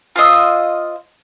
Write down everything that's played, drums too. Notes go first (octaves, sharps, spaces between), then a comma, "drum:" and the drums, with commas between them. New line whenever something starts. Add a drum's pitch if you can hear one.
F4 C5 D#5 E6
drum: open hi-hat